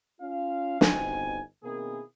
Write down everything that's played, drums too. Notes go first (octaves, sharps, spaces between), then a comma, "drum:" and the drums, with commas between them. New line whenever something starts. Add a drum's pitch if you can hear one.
C#4 F4 F5
G1 B2 C4 D#4 G#5, drum: snare
B2 D#3 A#3 C4 E4 G#4